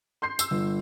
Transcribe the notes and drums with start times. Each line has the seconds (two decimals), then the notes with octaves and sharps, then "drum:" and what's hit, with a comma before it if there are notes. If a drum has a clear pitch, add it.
0.22 C6 G6 C7
0.39 E6, drum: tambourine
0.51 G1